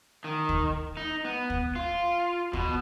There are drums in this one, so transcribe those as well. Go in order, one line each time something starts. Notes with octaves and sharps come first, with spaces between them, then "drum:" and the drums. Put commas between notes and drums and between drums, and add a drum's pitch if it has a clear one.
D#3
drum: kick
D#4
B3
drum: kick
F4
B2, drum: kick